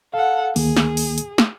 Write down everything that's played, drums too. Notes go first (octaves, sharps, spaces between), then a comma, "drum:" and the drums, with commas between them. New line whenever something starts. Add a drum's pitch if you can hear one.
A4 F5 F#5
D2 D#3 A#3 G#4, drum: open hi-hat
drum: snare
drum: open hi-hat
drum: hi-hat
drum: snare